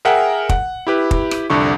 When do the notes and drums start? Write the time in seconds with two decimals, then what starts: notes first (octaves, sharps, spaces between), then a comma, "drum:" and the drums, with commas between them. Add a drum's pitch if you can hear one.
0.05 G#4 A#4 E5 F#5 G5
0.49 F#5, drum: kick
0.87 E4 G4 B4
1.11 drum: kick
1.31 drum: rim click
1.50 C2 F2 D3 C#6